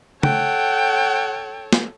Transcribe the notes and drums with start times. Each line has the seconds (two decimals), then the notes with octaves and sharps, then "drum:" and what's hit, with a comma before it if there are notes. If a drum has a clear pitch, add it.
0.23 A4 C#5 F#5 G5, drum: tom
1.73 drum: snare